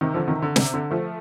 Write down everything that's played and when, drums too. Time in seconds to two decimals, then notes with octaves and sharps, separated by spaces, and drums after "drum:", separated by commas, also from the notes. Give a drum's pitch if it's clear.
0.01 C3 D#3
0.14 D3 F3
0.28 C3 D#3
0.42 D3
0.56 C3, drum: snare
0.74 D3
0.91 F3 A3